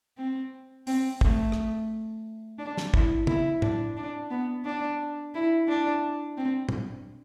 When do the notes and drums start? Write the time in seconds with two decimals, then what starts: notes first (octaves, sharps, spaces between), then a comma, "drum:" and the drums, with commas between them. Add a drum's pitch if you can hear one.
0.18 C4
0.87 C4, drum: open hi-hat
1.21 A3, drum: kick
1.52 drum: rim click
2.59 D4
2.77 drum: snare
2.94 E4, drum: kick
3.27 E4, drum: tom
3.62 D4, drum: tom
3.97 D4
4.30 B3
4.65 D4
5.34 E4
5.68 D4
6.37 C4
6.69 drum: tom